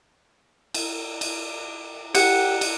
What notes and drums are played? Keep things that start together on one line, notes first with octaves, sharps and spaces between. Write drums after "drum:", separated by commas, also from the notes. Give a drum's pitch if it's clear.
drum: cymbal
drum: cymbal
G4 F#5, drum: cymbal
drum: cymbal